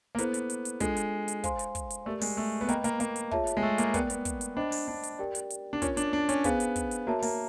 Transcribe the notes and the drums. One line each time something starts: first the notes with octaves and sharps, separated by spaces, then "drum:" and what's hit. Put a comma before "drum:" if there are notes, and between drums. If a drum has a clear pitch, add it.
A#3
B3 E4 A4 C5, drum: hi-hat
drum: hi-hat
drum: hi-hat
drum: hi-hat
G#3 D4 F4 A4, drum: kick, hi-hat
drum: hi-hat
drum: hi-hat
C5 F5 G#5 C6, drum: kick, hi-hat
drum: hi-hat
drum: kick, hi-hat
drum: hi-hat
A3 G4 A#4 D5
G#3, drum: open hi-hat
A3
B3
A#3 B4 D#5 G5 B5, drum: hi-hat
A#3, drum: hi-hat
A#3, drum: hi-hat
drum: hi-hat
F4 G#4 C#5 E5 A5, drum: kick
drum: hi-hat
G#3
A3
A#3, drum: hi-hat
B3 A#4 D5 G5, drum: kick, hi-hat
B3, drum: hi-hat
drum: kick, hi-hat
drum: hi-hat
D4 C5 D#5 G5 B5
drum: open hi-hat
D4
drum: hi-hat
G4 A#4 D5 G5
drum: hi-hat
drum: hi-hat
D4
C#4 F4 A#4 C#5, drum: kick, hi-hat
D4, drum: hi-hat
D4
C#4, drum: hi-hat
B3 G#4 C5 F5 G#5, drum: kick, hi-hat
drum: hi-hat
drum: kick, hi-hat
drum: hi-hat
A#3 F#4 A#4 C#5 E5 A5
A#3, drum: open hi-hat